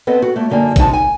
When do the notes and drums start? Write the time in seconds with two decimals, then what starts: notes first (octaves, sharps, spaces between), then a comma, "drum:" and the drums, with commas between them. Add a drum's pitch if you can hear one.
0.07 B3 C4 A4 D#5
0.22 F#4
0.36 A3 A#3
0.50 F#2 D3 A#3 D#4 G#5
0.76 D2 C3 G#3 D#4 A5, drum: kick, hi-hat
0.93 G#5